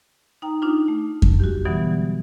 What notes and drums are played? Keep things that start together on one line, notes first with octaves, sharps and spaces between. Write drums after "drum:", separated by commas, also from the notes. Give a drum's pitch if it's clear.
D#4 G5 A#5
D4 D#4 F4
A3
drum: kick F2
F#4 G4
B2 D3 E3 F#3 G3 B3